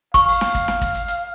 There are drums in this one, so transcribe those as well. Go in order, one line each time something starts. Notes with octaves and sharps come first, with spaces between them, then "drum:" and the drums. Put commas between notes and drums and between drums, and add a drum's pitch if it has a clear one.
F5 C#6, drum: kick, hi-hat
drum: open hi-hat
drum: snare
drum: kick, hi-hat
drum: snare
drum: kick, hi-hat
drum: hi-hat
drum: hi-hat